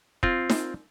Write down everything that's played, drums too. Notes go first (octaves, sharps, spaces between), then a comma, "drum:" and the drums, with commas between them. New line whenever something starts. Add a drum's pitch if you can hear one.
C4 F4, drum: kick
drum: snare D#4